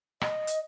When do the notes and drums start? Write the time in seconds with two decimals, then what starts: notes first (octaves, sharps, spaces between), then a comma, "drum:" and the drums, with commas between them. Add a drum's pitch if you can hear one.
0.21 D#5, drum: rim click
0.47 drum: hi-hat